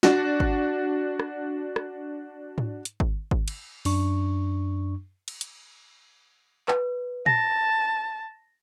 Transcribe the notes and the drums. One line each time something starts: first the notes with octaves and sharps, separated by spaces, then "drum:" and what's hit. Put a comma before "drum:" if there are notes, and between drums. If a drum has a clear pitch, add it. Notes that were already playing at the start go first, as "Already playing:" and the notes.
D4 F#4, drum: snare
drum: kick G#1
drum: rim click
drum: rim click
drum: tom G#2
drum: hi-hat
drum: kick G#1
drum: kick G#1
drum: cymbal
F#2 D4 C#6, drum: open hi-hat
drum: cymbal
drum: hi-hat
B4, drum: clap
A5 A#6, drum: tom A#2